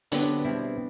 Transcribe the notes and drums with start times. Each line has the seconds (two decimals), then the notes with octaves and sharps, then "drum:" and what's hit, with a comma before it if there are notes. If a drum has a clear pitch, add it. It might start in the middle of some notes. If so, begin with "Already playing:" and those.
0.12 D3 F#3 B3 C4 D4 G4 B4, drum: hi-hat
0.45 B2 G3 C4 E4